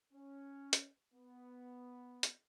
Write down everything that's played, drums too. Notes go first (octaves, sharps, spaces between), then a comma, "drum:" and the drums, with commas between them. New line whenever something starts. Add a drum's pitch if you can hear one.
C#4
drum: hi-hat
B3
drum: hi-hat